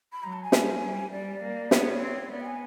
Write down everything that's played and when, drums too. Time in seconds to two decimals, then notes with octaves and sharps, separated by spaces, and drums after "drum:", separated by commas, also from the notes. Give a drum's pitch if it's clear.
0.13 B5
0.23 F#3 A#5
0.33 A5
0.43 G#5
0.52 G3, drum: snare
0.83 G3
1.11 G3 D5
1.41 A#3
1.71 B3 C#5, drum: snare
2.01 C4
2.31 B3 D5
2.40 G5
2.45 G#5